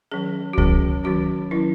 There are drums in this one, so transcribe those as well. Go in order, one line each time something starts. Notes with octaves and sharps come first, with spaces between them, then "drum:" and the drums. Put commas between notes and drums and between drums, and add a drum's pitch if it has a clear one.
D#3 F#3 C#4 G#4
F#4
D#3 F#3 C#4 G#4, drum: kick C#2
D#3 F#3 C#4 F#4
D#3 F#3 C#4 E4